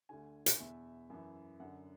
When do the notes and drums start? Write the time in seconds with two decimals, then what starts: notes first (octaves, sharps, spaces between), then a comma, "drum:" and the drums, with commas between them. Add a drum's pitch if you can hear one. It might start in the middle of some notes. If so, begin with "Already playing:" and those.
0.09 D2 D3 G#5
0.46 drum: hi-hat
0.60 E2 B2 E5
1.10 F#2 E3
1.60 F#2 D3 F#5